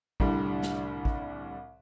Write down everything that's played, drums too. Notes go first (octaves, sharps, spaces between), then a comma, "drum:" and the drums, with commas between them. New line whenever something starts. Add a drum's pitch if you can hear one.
C2 A2 D3 G3, drum: kick A1
drum: snare
drum: kick A1